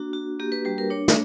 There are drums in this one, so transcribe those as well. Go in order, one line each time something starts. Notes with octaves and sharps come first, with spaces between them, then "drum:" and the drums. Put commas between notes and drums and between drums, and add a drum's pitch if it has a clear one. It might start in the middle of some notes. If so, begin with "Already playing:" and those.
Already playing: A#3 D4 F#4
F#4
A#3 G4
B4
G3 B4
A#4
D4 C#5
drum: snare